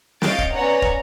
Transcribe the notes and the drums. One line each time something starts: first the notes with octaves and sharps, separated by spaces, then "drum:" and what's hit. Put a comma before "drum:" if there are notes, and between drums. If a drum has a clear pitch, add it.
C#5 D#5 F5 G6 A6 D7, drum: snare
drum: kick
B3 C#4 C#5 D5 F#5 A#5
drum: kick